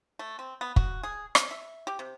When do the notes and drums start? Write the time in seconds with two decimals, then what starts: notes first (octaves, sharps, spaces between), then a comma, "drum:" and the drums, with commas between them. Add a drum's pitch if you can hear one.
0.19 A3
0.39 C4
0.61 B3
0.76 F#4, drum: kick
1.03 G#4
1.35 C#4, drum: rim click
1.51 E5
1.87 G4
1.99 C3